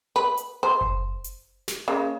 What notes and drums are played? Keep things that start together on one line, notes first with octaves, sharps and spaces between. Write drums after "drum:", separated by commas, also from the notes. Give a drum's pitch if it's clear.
B4
drum: hi-hat
C5
drum: kick F#1
drum: hi-hat
drum: snare
C#3 A#3